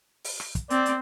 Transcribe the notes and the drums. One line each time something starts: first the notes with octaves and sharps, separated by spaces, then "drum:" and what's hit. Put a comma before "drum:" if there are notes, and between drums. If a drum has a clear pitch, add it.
drum: open hi-hat
drum: rim click
drum: kick, hi-hat
C4 D5, drum: hi-hat
drum: hi-hat